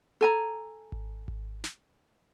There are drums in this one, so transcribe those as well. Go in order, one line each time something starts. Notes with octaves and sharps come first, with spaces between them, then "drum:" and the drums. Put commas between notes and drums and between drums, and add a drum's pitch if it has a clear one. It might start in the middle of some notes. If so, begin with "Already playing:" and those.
A4 G#5 A#5
drum: kick G#1
drum: kick G#1
drum: snare